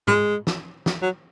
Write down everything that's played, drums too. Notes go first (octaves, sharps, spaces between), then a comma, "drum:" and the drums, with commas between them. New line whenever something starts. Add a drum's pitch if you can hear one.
G#3, drum: tom G#2
drum: snare
drum: snare
F#3